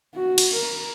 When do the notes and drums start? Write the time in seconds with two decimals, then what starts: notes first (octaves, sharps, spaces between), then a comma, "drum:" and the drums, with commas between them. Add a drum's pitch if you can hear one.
0.15 F#4
0.38 drum: cymbal
0.54 A#4